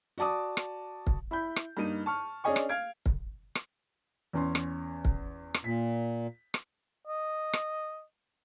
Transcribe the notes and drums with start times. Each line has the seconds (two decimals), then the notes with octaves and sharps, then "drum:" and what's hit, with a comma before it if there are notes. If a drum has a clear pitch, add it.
0.18 F#4 D5 A5 D6 D#6
0.57 drum: rim click
1.07 drum: kick
1.31 E4 B5 G6
1.56 drum: rim click
1.77 G2 A#3 D#4 D#7
2.06 A5 C#6 F6
2.44 C#4 D4 G#4 D#5 G#5 C#6
2.56 drum: rim click
2.69 F5 F6 G#6 D7
3.06 drum: kick
3.55 drum: rim click
4.33 E2 C#4 C6
4.55 drum: rim click
5.05 drum: kick
5.54 drum: rim click
5.64 A#2 B6
6.54 drum: rim click
7.08 D#5
7.53 drum: rim click